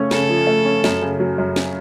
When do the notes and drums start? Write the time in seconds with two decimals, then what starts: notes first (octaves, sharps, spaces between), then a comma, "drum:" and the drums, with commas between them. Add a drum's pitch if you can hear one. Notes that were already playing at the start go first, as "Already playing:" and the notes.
Already playing: C#3 A3 C#4
0.11 C#3 A4, drum: snare
0.29 F3
0.47 A3
0.65 C#4
0.84 F#2, drum: snare
1.02 C#3
1.20 F#3
1.38 F#2
1.56 drum: snare